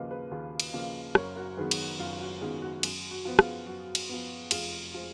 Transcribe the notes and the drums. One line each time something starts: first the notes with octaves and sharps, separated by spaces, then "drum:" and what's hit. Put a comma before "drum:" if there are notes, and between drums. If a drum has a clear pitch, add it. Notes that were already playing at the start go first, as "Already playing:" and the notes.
Already playing: D#2 C#3 F3 A#3 B4 D#5
G#4 B4
D#2 F4 G#4
drum: cymbal
C#3 F3 A#3
F#1 A#4 C#5, drum: rim click
F#4 A#4
F#2 D#3 G#3 B3 G#4 B4
drum: cymbal
F#1 F4
F#4
F#2 D#3 G#3 B3 F4 G#4
F#4
F#2, drum: cymbal
F#4
F3 B3
F4 G#4, drum: rim click
F#2 F#4
drum: cymbal
F3 B3
F1 F4 G#4, drum: cymbal
F3 G#3